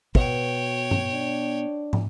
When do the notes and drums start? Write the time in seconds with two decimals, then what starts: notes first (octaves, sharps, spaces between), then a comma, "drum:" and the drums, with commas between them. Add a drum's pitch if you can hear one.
0.15 B2 C#5 G5, drum: kick
0.91 drum: tom G2
1.11 D4
1.93 drum: tom